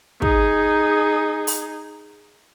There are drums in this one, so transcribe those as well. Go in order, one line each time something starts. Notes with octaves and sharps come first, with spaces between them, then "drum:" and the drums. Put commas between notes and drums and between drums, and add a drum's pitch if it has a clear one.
D#4 G#4, drum: kick
drum: open hi-hat